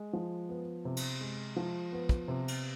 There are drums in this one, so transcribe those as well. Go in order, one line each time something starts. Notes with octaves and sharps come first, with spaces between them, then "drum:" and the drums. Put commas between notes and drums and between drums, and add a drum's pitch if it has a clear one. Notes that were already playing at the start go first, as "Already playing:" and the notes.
Already playing: G#3
F3
B3
C3
drum: cymbal
G#3
F3
B3
drum: kick
C3
drum: cymbal